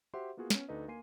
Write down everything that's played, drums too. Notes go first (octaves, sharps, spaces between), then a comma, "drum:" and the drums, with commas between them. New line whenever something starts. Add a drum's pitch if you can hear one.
F#4 G4 C5 E5 F#5 C6
A#3 B3 F4 F#4 G#4
B3 C#4, drum: snare
D2 D4 D#4 A4 B4 D#5
A#3 G#5 C6 C7 D#7